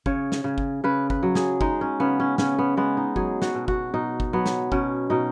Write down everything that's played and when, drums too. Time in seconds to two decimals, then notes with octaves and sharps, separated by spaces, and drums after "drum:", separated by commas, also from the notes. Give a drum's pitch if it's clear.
0.06 C#3 C#5, drum: kick
0.32 drum: snare
0.44 C#3
0.58 drum: kick
0.84 C#3 B4
1.10 B4, drum: kick
1.23 F#3
1.35 G#4, drum: snare
1.61 G#3 D#4, drum: kick
1.81 C#4
2.00 C#3 B3
2.20 C#4
2.38 C#3 C#4, drum: snare
2.58 B3
2.77 G#3 B3
2.97 D#4
3.16 F#3 G#4, drum: kick
3.42 F#4, drum: snare
3.55 B2
3.68 F#4, drum: kick
3.94 B2 D#4
4.20 drum: kick
4.33 F#3 B3
4.46 drum: snare
4.72 B2 C#4, drum: kick
5.10 B2 D#4